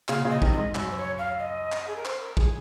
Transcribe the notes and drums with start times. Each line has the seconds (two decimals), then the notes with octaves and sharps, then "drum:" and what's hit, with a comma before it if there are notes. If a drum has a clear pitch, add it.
0.08 A#2 C#3 F5, drum: clap
0.25 A#2 C#3
0.30 D#5
0.42 C3 D#3, drum: kick A1
0.52 D#5
0.57 G#2
0.75 F#2, drum: clap
0.91 C5
0.96 C#5
1.18 F5
1.39 D#5
1.72 drum: clap
1.88 G#4
1.96 A#4
2.05 C5, drum: clap
2.22 A#4
2.37 G#4, drum: kick A1